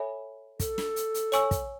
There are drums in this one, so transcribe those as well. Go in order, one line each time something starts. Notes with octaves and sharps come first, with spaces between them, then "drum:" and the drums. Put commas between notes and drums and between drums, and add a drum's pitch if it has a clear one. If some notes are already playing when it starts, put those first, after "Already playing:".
Already playing: A4 C#5 E5 G#5 B5
A4, drum: kick, hi-hat
drum: snare
drum: hi-hat
drum: hi-hat
C#5 G#5 C#6 E6, drum: hi-hat
drum: kick, hi-hat